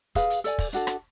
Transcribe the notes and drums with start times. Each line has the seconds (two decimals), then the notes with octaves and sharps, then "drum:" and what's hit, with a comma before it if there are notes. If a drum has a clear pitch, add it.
0.15 G#4 B4 F5, drum: kick, hi-hat
0.30 drum: hi-hat
0.44 A4 D5 G#5, drum: hi-hat
0.58 drum: kick, open hi-hat
0.73 D4 F#4 A4, drum: hi-hat
0.87 drum: rim click